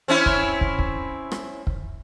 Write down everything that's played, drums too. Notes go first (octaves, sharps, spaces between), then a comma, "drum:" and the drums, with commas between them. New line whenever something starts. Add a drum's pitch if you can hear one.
C4 C#4 E4
drum: kick
drum: kick
drum: kick
drum: rim click
drum: kick